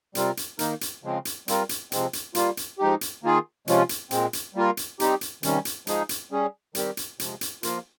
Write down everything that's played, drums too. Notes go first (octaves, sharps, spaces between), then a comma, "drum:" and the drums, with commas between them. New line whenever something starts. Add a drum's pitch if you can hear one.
C3 G3 C4 F4 A#4, drum: hi-hat
drum: hi-hat
D#3 A#3 D#4 A#4, drum: hi-hat
drum: hi-hat
C#3 F3 G#3 C4
drum: hi-hat
G3 C4 F4 A#4, drum: hi-hat
drum: hi-hat
C3 F3 G#3 C4, drum: hi-hat
drum: hi-hat
G3 A#3 F4, drum: hi-hat
drum: hi-hat
F3 G#3 D#4 G4
drum: hi-hat
D#3 A#3 F4 G#4
C3 F3 G#3 C#4 F4, drum: hi-hat
drum: hi-hat
A#2 G#3 C4, drum: hi-hat
drum: hi-hat
G3 A#3 F4 A#4
drum: hi-hat
G3 C4 D#4 G4, drum: hi-hat
drum: hi-hat
C3 D#3 G3 C#4, drum: hi-hat
drum: hi-hat
F3 G#3 D#4 G#4, drum: hi-hat
drum: hi-hat
G3 C#4 G#4
D#3 G3 C4 G4 A#4, drum: hi-hat
drum: hi-hat
C3 F3 G#3, drum: hi-hat
drum: hi-hat
F3 A#3 F4 A#4, drum: hi-hat